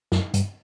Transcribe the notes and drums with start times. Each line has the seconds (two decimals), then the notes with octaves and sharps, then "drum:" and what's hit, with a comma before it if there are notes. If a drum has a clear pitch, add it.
0.12 F#2, drum: snare
0.34 G2, drum: hi-hat